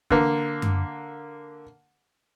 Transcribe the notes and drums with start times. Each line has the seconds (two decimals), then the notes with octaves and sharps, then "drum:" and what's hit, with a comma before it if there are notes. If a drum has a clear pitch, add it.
0.10 D3 A#3, drum: kick
0.62 drum: tom F#2